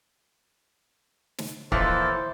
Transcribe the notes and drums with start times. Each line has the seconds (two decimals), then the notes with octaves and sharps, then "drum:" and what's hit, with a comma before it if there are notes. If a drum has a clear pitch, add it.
1.38 drum: snare
1.72 D#2 A#2 E3 F3 A4 C5, drum: kick